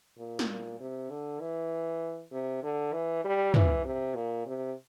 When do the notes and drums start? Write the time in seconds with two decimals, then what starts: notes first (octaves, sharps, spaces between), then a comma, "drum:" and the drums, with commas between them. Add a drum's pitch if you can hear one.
0.18 A#2
0.39 drum: snare
0.49 A#2
0.80 C3
1.10 D3
1.41 E3
2.32 C3
2.63 D3
2.93 E3
3.24 G3
3.54 E3, drum: tom
3.85 C3
4.15 A#2
4.46 C3